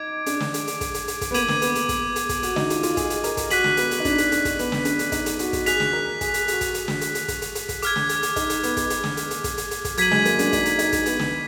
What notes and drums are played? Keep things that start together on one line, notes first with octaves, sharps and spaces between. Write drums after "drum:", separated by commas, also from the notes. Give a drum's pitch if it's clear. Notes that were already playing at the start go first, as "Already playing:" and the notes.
Already playing: D#4 D6 G#6 D7
D4, drum: hi-hat
drum: snare
drum: hi-hat
drum: hi-hat
drum: kick, hi-hat
drum: hi-hat
drum: hi-hat
drum: kick, hi-hat
B3
A#3 D6 G#6 D#7 F#7, drum: hi-hat
drum: snare
B3, drum: hi-hat
drum: hi-hat
drum: kick, hi-hat
drum: hi-hat
drum: kick, hi-hat
F#4, drum: hi-hat
D#4, drum: snare
F4, drum: hi-hat
F4, drum: hi-hat
G#4, drum: kick, hi-hat
drum: hi-hat
A#4, drum: hi-hat
drum: kick, hi-hat
F#4 F#6 B6 D#7 F#7, drum: hi-hat
drum: snare
B3, drum: hi-hat
drum: hi-hat
D#4
D4, drum: kick, hi-hat
drum: hi-hat
D4, drum: hi-hat
drum: kick, hi-hat
B3, drum: hi-hat
drum: snare
D4, drum: hi-hat
drum: hi-hat
D#4, drum: kick, hi-hat
drum: hi-hat
F#4, drum: hi-hat
drum: kick, hi-hat
G#4 F#6 B6 F7, drum: hi-hat
drum: snare
A#4
G#4, drum: kick, hi-hat
drum: hi-hat
F#4, drum: hi-hat
drum: kick, hi-hat
drum: hi-hat
drum: snare
drum: hi-hat
drum: hi-hat
drum: kick, hi-hat
drum: hi-hat
drum: hi-hat
drum: kick, hi-hat
D6 F6 G#6, drum: hi-hat
drum: snare
drum: hi-hat
drum: hi-hat
D#4, drum: kick, hi-hat
drum: hi-hat
B3, drum: hi-hat
drum: kick, hi-hat
drum: hi-hat
drum: snare
drum: hi-hat
drum: hi-hat
drum: kick, hi-hat
drum: hi-hat
drum: hi-hat
drum: kick, hi-hat
F#3 G#6 B6 D#7 F#7, drum: hi-hat
G#3, drum: snare
A#3, drum: hi-hat
D4, drum: hi-hat
D#4, drum: kick, hi-hat
drum: hi-hat
D#4, drum: hi-hat
drum: kick, hi-hat
B3, drum: hi-hat
drum: snare